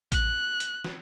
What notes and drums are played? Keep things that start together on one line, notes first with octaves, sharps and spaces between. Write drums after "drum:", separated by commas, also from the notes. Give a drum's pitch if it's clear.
F#6, drum: kick A1, hi-hat
drum: hi-hat
drum: snare